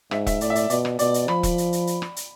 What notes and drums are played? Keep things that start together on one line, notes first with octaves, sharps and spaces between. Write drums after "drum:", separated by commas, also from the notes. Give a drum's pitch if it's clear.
G#2 E5, drum: rim click
E5, drum: kick E1, hi-hat
A2 D5, drum: hi-hat
E5
D5, drum: hi-hat
B2 D5, drum: hi-hat
drum: rim click
B2 D5, drum: hi-hat
drum: hi-hat
F3 B5, drum: rim click
drum: kick E1, hi-hat
drum: hi-hat
drum: hi-hat
drum: hi-hat
drum: rim click
drum: hi-hat